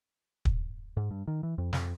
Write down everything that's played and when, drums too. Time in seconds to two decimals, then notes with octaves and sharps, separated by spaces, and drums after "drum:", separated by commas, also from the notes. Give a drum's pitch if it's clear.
0.45 drum: kick
0.97 G#2
1.11 G2
1.28 D#3
1.43 E3
1.58 F2
1.73 F2, drum: snare